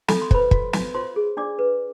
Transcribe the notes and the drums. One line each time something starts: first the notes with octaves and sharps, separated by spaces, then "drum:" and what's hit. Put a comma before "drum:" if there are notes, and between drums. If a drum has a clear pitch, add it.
A4 B5, drum: snare
C6
B4 C5 B5, drum: kick
F#4, drum: kick
F#4, drum: snare
F4 C5 C6
G#4
D4 D5 D6
B4